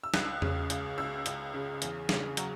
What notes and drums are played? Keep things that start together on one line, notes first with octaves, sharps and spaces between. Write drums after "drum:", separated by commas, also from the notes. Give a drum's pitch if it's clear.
E6
C#2 F#6, drum: snare
C#3, drum: tom E2
C#2, drum: hi-hat
C#2 E6
C#2, drum: hi-hat
C#3
E2, drum: hi-hat
C#3, drum: snare
F#3, drum: hi-hat